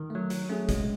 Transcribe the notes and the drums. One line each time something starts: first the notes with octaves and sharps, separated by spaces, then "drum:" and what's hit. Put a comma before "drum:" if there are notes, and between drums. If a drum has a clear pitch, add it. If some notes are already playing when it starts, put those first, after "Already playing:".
Already playing: D#3
F#3 A3
F#3, drum: hi-hat
A3 C#4 G#4
G#3, drum: kick F#1, hi-hat